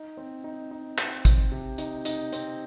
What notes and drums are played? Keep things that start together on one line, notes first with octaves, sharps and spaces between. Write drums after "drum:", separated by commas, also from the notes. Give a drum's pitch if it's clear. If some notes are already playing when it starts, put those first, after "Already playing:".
Already playing: D#4
C4
D#4
D#4
C4, drum: clap
C4, drum: kick, hi-hat
C3
D#4, drum: hi-hat
D#4, drum: hi-hat
C4, drum: hi-hat